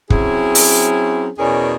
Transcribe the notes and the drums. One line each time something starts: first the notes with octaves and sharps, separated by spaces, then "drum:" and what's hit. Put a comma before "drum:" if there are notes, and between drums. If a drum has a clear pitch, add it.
F#3 C4 C#4 E4 G#4, drum: kick
drum: open hi-hat
E2 B2 C#4 G#4 A#4 D5